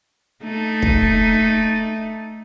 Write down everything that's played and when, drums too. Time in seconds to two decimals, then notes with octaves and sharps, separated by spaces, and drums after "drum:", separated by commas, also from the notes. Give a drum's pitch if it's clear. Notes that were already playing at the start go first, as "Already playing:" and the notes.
0.44 A3 D#4
0.82 drum: kick